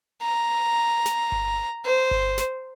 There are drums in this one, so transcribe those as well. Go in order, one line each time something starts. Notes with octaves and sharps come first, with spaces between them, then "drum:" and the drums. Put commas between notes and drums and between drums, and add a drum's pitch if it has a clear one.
A#5
drum: snare
drum: kick G1
C5
drum: kick G1
drum: snare